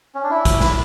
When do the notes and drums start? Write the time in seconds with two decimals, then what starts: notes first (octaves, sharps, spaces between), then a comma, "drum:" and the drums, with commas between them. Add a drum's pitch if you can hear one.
0.15 C#4
0.23 D4
0.30 E4
0.45 drum: kick, hi-hat
0.60 drum: snare